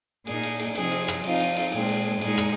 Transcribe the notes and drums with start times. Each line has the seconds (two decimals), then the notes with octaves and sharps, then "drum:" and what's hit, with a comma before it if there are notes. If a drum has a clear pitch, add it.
0.27 A#2 A#3 D#4 G#4, drum: cymbal
0.43 drum: cymbal
0.60 drum: cymbal
0.75 C3 F3 C4 D#4 G#4, drum: cymbal
0.92 drum: cymbal
1.08 drum: rim click
1.24 F3 C4 D#4 F4, drum: cymbal
1.40 drum: cymbal
1.57 drum: cymbal
1.72 A#2 G#3 C4 G#4, drum: cymbal
1.89 drum: cymbal
2.21 A#2 G#3 D#4 G#4, drum: cymbal
2.37 drum: rim click